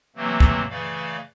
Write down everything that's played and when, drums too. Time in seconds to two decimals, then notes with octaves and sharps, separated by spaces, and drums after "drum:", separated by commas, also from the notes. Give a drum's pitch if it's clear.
0.16 C3 E3 F#3 A3 A#3 C4
0.40 drum: kick C2
0.70 C#3 E3 A3 D5 F5